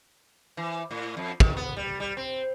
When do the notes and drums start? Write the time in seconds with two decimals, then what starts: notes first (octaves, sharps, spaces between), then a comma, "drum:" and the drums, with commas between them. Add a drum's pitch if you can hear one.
0.57 E3
0.91 A2
1.17 F2
1.40 D#3, drum: kick
1.57 B3
1.77 G3
2.00 G3
2.17 C4